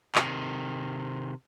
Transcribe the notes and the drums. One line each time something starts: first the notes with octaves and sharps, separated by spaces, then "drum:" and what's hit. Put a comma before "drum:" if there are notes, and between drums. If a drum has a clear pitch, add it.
C3 D#3, drum: clap